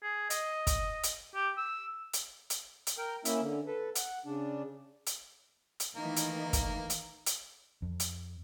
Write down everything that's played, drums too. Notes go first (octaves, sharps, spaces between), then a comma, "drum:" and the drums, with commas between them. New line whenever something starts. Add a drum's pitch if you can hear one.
G#4
D#5, drum: hi-hat
drum: kick, hi-hat
drum: hi-hat
G4
E6
drum: hi-hat
drum: hi-hat
drum: hi-hat
A#4 G5
A#3 C#4 E4 E5, drum: hi-hat
D3
A4 B4
F#5, drum: hi-hat
C#3 D4
drum: hi-hat
drum: hi-hat
D#3 E3 A3 A#3 D#4
drum: hi-hat
drum: kick, hi-hat
drum: hi-hat
drum: hi-hat
F2
drum: hi-hat